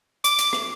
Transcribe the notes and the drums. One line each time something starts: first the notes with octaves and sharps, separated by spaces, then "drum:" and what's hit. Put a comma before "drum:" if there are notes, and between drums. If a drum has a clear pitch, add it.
D6, drum: hi-hat
drum: hi-hat
drum: rim click